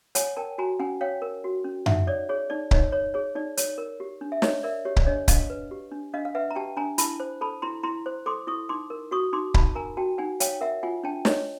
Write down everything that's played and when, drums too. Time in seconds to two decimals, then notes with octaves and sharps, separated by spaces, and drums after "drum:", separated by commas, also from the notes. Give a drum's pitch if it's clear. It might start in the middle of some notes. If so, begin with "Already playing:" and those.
0.15 C#5 F#5 G#5, drum: hi-hat
0.37 A#4 G5 A5
0.58 F#4 G#5 A#5
0.79 C#4 F#5 G#5
1.01 C#5 F5 G5
1.22 A#4
1.44 F#4
1.64 C#4
1.86 D#4 E5 F#5, drum: tom F#2
2.07 C#5 D5
2.29 G#4 C#5
2.50 D#4 D5
2.71 D#4 C#5 D#5, drum: kick C#1
2.92 C#5
3.14 G#4 C#5
3.35 D#4 D5
3.57 C#5, drum: hi-hat
3.78 A#4
4.00 G4
4.21 D4
4.32 E5
4.42 C#5 D#5, drum: snare
4.63 A#4 D5 E5
4.85 G4 C#5
4.96 D5, drum: kick C#1
5.06 D4 C#5 D#5
5.28 D4 D#5 F5, drum: kick C#1, hi-hat
5.50 B4
5.71 G4
5.92 D4
6.14 D4 D#5 F5
6.25 F5
6.35 B4 E5 F#5
6.51 A#5
6.55 G4 G5 A5
6.77 D4 G#5 A#5
6.98 E4 A5 B5, drum: hi-hat
7.20 C5
7.41 A4 A5 B5
7.62 E4 A#5 C6
7.83 E4 A#5 C6
8.06 C5
8.26 A4 C6 D6
8.47 E4 C#6 D#6
8.69 D#4 C6 D6
8.90 A#4
9.11 F#4 C#6 D#6
9.33 D#4 C6 D6
9.54 D#4 A5 B5, drum: kick C#1
9.75 A#4 G#5 A#5
9.97 F#4 G5 A5
10.18 D#4 F#5 G#5
10.40 C#5 F5 G5, drum: hi-hat
10.61 A#4 E5 F#5
10.83 F4 F#5 G#5
11.03 D4 G5 A5
11.25 C#5 D#5, drum: snare